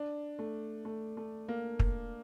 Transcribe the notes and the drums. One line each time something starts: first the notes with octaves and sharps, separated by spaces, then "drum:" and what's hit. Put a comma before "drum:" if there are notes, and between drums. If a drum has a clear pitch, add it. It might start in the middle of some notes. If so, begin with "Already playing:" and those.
Already playing: D4
A3
A3
A3
A#3
drum: kick